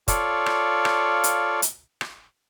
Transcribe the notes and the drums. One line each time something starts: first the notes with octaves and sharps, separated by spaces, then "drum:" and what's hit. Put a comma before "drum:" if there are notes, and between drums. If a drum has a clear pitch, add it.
F4 A4 C#5 D5 F5, drum: kick, hi-hat
drum: rim click
drum: rim click
drum: hi-hat
drum: hi-hat
drum: rim click